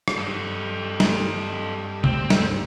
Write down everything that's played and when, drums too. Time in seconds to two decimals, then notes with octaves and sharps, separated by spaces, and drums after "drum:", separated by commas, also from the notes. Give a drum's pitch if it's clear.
0.08 drum: rim click
0.18 G2 A4 D#5
1.00 drum: snare
2.04 D2 C4, drum: tom C3
2.30 drum: snare